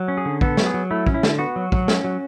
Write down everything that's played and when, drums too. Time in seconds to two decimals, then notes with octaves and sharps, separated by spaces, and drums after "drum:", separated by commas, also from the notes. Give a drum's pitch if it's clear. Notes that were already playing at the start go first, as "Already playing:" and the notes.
Already playing: F#3
0.08 C#4
0.17 G#4
0.25 D3
0.41 B3 A4, drum: kick
0.57 F#3, drum: snare
0.66 G#4
0.74 F#3
0.91 A3 E4
1.07 C#4, drum: kick
1.14 E4
1.23 D3, drum: snare
1.39 B3 F#4
1.56 F#3
1.72 F#3, drum: kick
1.88 C#4, drum: snare
2.04 F#3